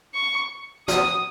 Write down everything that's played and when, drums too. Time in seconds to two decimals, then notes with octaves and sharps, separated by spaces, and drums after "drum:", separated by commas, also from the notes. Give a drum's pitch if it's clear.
0.14 C#6
0.88 D#6, drum: snare